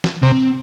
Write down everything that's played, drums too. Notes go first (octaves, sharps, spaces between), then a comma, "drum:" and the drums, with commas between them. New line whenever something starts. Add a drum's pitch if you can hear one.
drum: snare
C3 C4